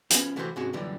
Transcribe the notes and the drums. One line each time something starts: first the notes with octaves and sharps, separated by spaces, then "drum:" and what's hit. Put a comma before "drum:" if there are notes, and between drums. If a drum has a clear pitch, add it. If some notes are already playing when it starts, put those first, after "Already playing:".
F3 B3 C#4, drum: hi-hat
E3 A3 F#4 G4 A4 C5
G#2 C3 G#3 C#4 F#4
F#2 A#2 D3 E3 G3